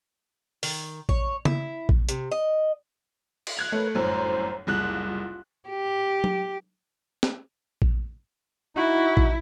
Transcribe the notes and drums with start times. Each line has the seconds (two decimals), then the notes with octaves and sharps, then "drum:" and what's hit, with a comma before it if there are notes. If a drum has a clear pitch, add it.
0.63 D#3, drum: open hi-hat
1.09 C#5, drum: kick A#1
1.45 E4, drum: tom C#3
1.89 drum: kick A#1
2.09 C3, drum: hi-hat
2.31 D#5
3.47 drum: cymbal
3.57 F#6 G#6 F7
3.72 A3 A#4 B4 C#5
3.95 G1 F#2 A2 C5 A#5
4.67 F#1 C2 F4 F#6
5.69 G4
6.24 drum: tom F#3
7.23 drum: snare
7.82 drum: kick A#1
8.76 D#4 E4 F#4
9.17 drum: kick A#1